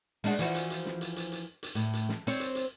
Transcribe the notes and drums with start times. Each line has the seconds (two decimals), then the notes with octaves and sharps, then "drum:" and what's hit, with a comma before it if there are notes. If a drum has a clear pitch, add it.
0.24 G#3 D4 F#4, drum: open hi-hat
0.39 E3 F3 F#4, drum: hi-hat
0.55 drum: hi-hat
0.70 drum: hi-hat
0.86 drum: snare
1.01 drum: hi-hat
1.16 drum: hi-hat
1.32 drum: hi-hat
1.63 drum: hi-hat
1.75 A2, drum: hi-hat
1.93 drum: hi-hat
2.09 drum: snare
2.27 C4 C#5, drum: hi-hat
2.40 drum: hi-hat
2.55 drum: hi-hat